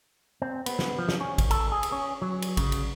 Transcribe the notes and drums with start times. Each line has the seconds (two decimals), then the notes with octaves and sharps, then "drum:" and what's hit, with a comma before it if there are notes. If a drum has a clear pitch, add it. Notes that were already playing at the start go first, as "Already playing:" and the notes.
0.42 C4
0.66 B3, drum: cymbal
0.79 drum: snare
0.98 F3
1.09 drum: snare
1.20 C#4
1.38 drum: kick A1, cymbal
1.51 A4, drum: cymbal
1.72 G#4
1.83 drum: cymbal
1.92 C#4
2.22 F#3
2.42 drum: cymbal
2.57 C#3, drum: kick A1, cymbal
2.72 drum: cymbal